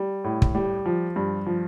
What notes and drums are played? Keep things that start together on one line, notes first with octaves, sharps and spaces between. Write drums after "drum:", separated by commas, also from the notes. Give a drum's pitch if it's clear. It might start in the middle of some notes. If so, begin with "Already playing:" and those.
Already playing: G3
A2
drum: kick
G3
F3
G2
F3